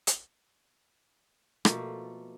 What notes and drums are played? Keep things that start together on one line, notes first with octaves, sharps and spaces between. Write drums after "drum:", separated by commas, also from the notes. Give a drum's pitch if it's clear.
drum: hi-hat
B2 F3 A3 A#3, drum: rim click